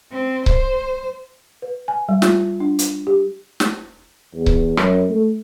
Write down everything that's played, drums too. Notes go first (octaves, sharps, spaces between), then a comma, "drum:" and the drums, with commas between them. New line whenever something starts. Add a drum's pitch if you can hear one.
C4
C5, drum: kick C#1
B4
G#5
G3
F4, drum: snare
D4
drum: hi-hat
G4
drum: snare
E2
drum: kick C#1
F#2, drum: rim click
A3